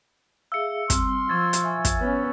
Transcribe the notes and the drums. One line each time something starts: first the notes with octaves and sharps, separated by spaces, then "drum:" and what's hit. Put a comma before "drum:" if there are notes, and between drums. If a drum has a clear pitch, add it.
G#4 E5 F5 E6 C#7
G3 C4 C6 F6 C#7, drum: kick, hi-hat
F3 C#6 E6 G#6 A6
drum: hi-hat
E5 G#5
drum: kick, hi-hat
B3 C#4